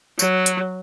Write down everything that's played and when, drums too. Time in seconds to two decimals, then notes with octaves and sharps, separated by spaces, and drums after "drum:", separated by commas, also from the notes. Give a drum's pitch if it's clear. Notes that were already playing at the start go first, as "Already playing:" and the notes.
0.19 F#3, drum: tambourine
0.46 drum: hi-hat